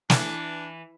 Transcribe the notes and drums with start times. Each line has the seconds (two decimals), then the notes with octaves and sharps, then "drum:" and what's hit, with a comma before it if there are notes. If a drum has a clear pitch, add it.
0.10 E3 D4, drum: snare